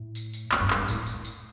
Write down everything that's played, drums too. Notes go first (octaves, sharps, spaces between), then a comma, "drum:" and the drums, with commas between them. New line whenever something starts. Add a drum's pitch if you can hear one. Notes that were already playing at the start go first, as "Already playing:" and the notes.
Already playing: A2
drum: tambourine
drum: tambourine
A2, drum: clap
G2
F2, drum: clap
G2
A2, drum: tambourine
drum: tambourine
drum: tambourine